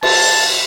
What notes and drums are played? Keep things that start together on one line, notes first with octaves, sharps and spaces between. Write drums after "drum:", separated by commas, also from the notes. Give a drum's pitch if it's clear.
A5, drum: cymbal